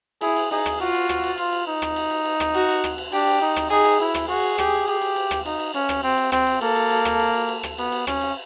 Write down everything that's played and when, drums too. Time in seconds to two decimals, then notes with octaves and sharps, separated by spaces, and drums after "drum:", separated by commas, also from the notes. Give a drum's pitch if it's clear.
0.21 E4 G#4, drum: cymbal
0.36 drum: cymbal
0.51 D#4 G#4, drum: cymbal
0.66 drum: rim click
0.80 F4 F#4, drum: cymbal
0.95 drum: cymbal
1.09 drum: rim click
1.24 drum: cymbal
1.38 F4, drum: cymbal
1.53 drum: cymbal
1.67 D#4
1.82 drum: rim click
1.96 drum: cymbal
2.11 drum: cymbal
2.25 drum: cymbal
2.40 drum: rim click
2.55 F#4, drum: cymbal
2.69 drum: cymbal
2.84 drum: rim click
2.98 drum: cymbal
3.12 D4 G4, drum: cymbal
3.27 drum: cymbal
3.41 D#4, drum: cymbal
3.56 drum: rim click
3.70 D#4 G#4, drum: cymbal
3.85 drum: cymbal
4.00 E4, drum: cymbal
4.14 drum: rim click
4.29 F#4 G#4, drum: cymbal
4.43 drum: cymbal
4.58 G4, drum: rim click
4.88 G4, drum: cymbal
5.02 drum: cymbal
5.16 drum: cymbal
5.31 drum: rim click
5.46 D#4, drum: cymbal
5.60 drum: cymbal
5.74 C#4, drum: cymbal
5.89 drum: rim click
6.03 C4, drum: cymbal
6.18 drum: cymbal
6.32 C4, drum: rim click
6.47 drum: cymbal
6.61 A#3 A4, drum: cymbal
6.76 drum: cymbal
6.91 drum: cymbal
7.05 drum: rim click
7.20 drum: cymbal
7.34 drum: cymbal
7.49 drum: cymbal
7.63 drum: rim click
7.78 B3, drum: cymbal
7.92 drum: cymbal
8.07 C#4, drum: rim click
8.21 drum: cymbal